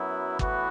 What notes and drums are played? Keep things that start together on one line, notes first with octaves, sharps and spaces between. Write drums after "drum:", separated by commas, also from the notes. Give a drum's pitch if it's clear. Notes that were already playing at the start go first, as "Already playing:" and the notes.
Already playing: F#2 F#3 B3 E4
A2 E3 B3 F#4, drum: kick